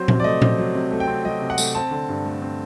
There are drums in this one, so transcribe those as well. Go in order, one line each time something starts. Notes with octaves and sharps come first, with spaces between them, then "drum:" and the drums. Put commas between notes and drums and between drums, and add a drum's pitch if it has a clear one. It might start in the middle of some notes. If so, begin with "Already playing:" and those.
Already playing: F#3 C4 C5
C3, drum: tom A#2
D5
A3 D#5
C4, drum: tom A#2
F#3
C3
A3
G5
C4
F#3 D#5
C3
F#5
A3, drum: tambourine
C4 A5
D3
G2
A3
C4